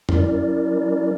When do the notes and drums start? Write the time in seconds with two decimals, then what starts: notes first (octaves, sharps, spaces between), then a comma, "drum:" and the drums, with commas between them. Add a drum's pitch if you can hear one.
0.09 F#3 C#4 E4 A#4 D5, drum: tom F2